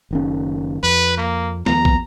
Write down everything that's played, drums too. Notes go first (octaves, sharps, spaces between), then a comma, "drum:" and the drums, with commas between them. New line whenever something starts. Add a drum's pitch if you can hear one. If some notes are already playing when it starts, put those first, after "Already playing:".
F#1 D#3 C#4
F2 B4
A#3
D#2 F3 B3 A#5, drum: snare
drum: kick